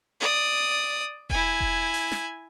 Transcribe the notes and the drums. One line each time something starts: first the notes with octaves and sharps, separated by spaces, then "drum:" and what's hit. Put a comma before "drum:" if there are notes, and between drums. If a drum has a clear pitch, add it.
D5 D#6
E4 G#5, drum: kick E1
drum: kick E1
drum: open hi-hat
drum: snare